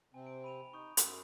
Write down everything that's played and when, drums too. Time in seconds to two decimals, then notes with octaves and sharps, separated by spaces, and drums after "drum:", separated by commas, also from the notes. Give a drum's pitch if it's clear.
0.14 C3 C4 G#5
0.27 D7
0.44 B5 D#7 F7
0.73 D#4 C#6 D#6 G6
0.97 F#2 C6 E6, drum: hi-hat